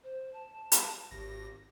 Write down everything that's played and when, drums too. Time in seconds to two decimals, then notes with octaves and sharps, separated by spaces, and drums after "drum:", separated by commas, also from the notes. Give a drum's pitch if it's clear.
0.03 C5
0.33 A5
0.72 drum: hi-hat
1.11 G#1 G4 A#6